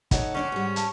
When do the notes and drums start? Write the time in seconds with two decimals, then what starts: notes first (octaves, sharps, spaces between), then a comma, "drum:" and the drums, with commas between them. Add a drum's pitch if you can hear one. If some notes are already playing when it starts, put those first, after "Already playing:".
0.11 D#4 A4 C#5 F#5, drum: kick, hi-hat
0.34 D3 C#4 D4 C#5
0.52 G#2 G3
0.76 A5, drum: hi-hat